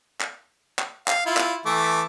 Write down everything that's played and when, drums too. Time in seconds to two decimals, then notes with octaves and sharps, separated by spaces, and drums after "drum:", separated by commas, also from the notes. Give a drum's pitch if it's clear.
0.21 drum: clap
0.79 drum: clap
1.08 F5, drum: clap
1.26 E4 F4
1.37 drum: clap
1.66 E3 A3 D6